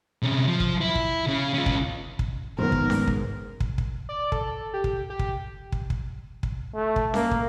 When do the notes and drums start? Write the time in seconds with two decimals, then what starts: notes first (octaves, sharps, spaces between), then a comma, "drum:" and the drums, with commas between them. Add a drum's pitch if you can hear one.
0.22 C3 C#4
0.47 F3
0.60 drum: kick
0.81 E4
0.95 drum: kick
1.28 C#3 C#4
1.54 C#4 F4
1.66 drum: kick
2.19 drum: kick
2.59 F#1 G#2 D#3 B3 A#4 C5
2.72 drum: kick
2.90 drum: snare C#4
3.07 drum: kick
3.60 drum: kick
3.78 drum: kick
4.09 D5
4.32 A4, drum: kick
4.74 G4
4.84 drum: kick
5.10 G4
5.19 drum: kick
5.72 drum: kick
5.90 drum: kick
6.43 drum: kick
6.75 A3
6.96 drum: kick
7.14 A#3, drum: snare C#4
7.31 drum: kick